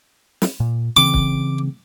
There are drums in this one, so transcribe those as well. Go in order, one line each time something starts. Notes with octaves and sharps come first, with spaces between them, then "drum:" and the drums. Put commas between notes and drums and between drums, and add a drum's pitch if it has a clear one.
drum: snare
A#2
C#3 E3 C4 D6
drum: kick